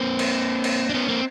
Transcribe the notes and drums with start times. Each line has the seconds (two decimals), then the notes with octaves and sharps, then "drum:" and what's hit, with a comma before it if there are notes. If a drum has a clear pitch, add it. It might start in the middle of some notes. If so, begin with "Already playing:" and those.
Already playing: A#3 C4
0.19 drum: cymbal
0.64 drum: cymbal
0.89 D4
0.94 B3 C#4
1.09 A#3 C4